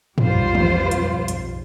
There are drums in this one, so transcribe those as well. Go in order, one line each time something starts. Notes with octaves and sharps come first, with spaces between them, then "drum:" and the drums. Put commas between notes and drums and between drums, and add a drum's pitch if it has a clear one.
B1 F2 G#2 G3 F4 C5, drum: tom
drum: tom
drum: hi-hat
drum: hi-hat